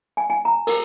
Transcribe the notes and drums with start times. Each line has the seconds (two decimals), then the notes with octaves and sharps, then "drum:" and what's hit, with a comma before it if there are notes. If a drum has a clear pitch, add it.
0.17 G#5
0.30 G#5
0.45 A#5
0.67 A#4, drum: open hi-hat